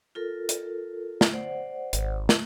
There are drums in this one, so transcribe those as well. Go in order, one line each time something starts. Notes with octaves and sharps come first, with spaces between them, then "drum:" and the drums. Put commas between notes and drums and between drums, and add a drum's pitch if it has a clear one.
F4 A4 A#4
drum: hi-hat
drum: snare
C5 D5 F#5
G#1, drum: hi-hat
drum: snare